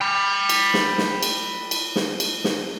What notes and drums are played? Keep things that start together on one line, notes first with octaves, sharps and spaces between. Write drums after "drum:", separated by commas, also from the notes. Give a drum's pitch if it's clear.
G5 B5
drum: cymbal
drum: snare
drum: snare
drum: cymbal
drum: cymbal
drum: snare
drum: cymbal
drum: snare